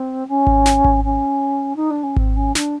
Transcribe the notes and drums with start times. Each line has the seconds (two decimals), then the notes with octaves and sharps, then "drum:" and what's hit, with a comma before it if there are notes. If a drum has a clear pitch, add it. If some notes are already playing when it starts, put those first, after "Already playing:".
Already playing: C4
0.28 C#4
0.47 drum: kick G#1
0.66 drum: snare
0.84 drum: kick G#1
1.03 C#4
1.76 D#4
1.90 D4
2.03 C#4
2.16 C4, drum: kick G#1
2.36 C#4
2.55 D4, drum: snare